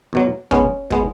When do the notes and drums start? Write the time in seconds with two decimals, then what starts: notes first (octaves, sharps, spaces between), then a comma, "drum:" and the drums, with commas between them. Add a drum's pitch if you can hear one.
0.13 E2 B2 F#3
0.51 B1 B2 G#3 B3 C#4, drum: kick
0.90 B2 G#3 B3, drum: kick